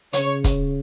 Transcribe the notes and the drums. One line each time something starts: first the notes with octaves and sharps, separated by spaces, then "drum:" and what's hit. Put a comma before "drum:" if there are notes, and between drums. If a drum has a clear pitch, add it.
C#3 C#5, drum: hi-hat
drum: kick, hi-hat